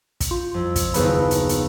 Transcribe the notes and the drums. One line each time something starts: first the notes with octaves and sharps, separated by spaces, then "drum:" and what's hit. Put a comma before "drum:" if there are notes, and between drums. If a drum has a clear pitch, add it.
drum: kick, hi-hat
F4
F2
drum: kick, hi-hat
F#1 D#2 B3 G#4 B4 B5, drum: hi-hat
drum: hi-hat
drum: hi-hat